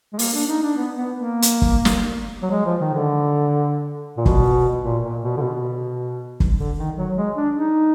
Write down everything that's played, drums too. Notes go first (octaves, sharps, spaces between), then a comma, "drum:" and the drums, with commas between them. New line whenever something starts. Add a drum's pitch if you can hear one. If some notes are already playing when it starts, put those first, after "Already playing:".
G#3
A#3, drum: open hi-hat
D4
D#4
D4
B3
B3
A#3
drum: hi-hat
drum: kick F#1
drum: snare
F#3
G#3
F3
D#3
D3
A#2
B2, drum: kick F#1
A#2
A#2
B2
D3
B2
drum: kick F#1
D3
D#3
F#3
G#3
D4
D#4